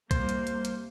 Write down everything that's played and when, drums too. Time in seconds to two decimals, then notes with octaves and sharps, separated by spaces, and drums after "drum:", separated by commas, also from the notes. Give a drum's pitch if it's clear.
0.11 C2 A#3 C5, drum: kick B1, hi-hat
0.29 drum: hi-hat
0.47 drum: hi-hat
0.65 drum: hi-hat